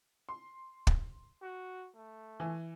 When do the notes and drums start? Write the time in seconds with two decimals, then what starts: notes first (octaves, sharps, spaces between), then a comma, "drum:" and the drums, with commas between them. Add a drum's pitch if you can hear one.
0.29 C6
0.87 drum: kick
1.42 F#4
1.95 A3
2.40 E3 G#5